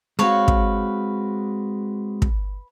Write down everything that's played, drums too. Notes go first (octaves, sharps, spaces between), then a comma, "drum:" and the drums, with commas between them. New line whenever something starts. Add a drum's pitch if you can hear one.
G#3 C4 F#4 B4 C#5 F5
drum: kick
drum: kick